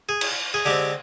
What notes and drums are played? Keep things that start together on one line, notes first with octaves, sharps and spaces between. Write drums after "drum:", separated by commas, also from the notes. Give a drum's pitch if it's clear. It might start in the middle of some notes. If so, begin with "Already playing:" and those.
G#4
drum: cymbal
G#4
D3 G#3 C4 G4